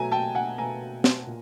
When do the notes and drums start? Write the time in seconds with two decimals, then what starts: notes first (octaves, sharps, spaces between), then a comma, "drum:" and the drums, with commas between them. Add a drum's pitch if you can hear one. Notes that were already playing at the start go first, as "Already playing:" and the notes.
Already playing: B2 F#3 A3 G#5 A#5
0.11 G5 A5
0.35 F#5 G#5
0.58 B2 F#3 A3 G#5 A#5
1.04 drum: snare
1.27 A#2